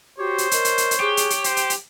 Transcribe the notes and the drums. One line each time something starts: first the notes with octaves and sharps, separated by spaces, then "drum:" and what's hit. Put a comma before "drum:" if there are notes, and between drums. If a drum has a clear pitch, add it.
F#4 G4 C5 C#5 D6
drum: hi-hat
A#4 D#5, drum: hi-hat
drum: hi-hat
drum: hi-hat
drum: hi-hat
G4 G#4 C#6 F#6
drum: hi-hat
drum: hi-hat
C5 G5, drum: hi-hat
drum: hi-hat
drum: hi-hat